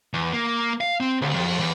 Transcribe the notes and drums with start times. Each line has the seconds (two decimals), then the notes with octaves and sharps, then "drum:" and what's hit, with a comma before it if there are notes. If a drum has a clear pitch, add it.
0.14 E2
0.33 A#3
0.81 F5
1.00 C4
1.22 D2, drum: cymbal
1.34 F2
1.60 E2